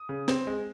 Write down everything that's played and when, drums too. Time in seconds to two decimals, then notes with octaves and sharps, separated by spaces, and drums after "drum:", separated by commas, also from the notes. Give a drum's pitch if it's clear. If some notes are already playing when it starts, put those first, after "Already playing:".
Already playing: D#6
0.09 C#3
0.28 C4, drum: snare
0.47 G#3